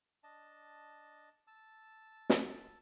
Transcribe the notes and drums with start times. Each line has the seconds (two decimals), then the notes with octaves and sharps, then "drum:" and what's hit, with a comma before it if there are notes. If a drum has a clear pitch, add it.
0.24 D4 D#5 A5
1.47 A5 E6
2.30 drum: snare